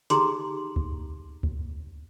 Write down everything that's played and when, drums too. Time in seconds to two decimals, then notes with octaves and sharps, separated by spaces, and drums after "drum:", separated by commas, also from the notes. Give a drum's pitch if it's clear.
0.10 D#4 G4 G#4 A#5 C6 D6, drum: hi-hat
0.76 drum: kick D2
1.43 drum: kick D2